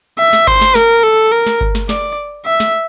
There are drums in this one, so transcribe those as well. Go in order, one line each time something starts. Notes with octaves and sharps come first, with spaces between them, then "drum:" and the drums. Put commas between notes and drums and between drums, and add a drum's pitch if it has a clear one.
E5
drum: snare
C5, drum: kick G1
drum: snare
A#4, drum: snare
A4
A#4
drum: snare
drum: kick G1
drum: snare
D5, drum: snare
E5
drum: snare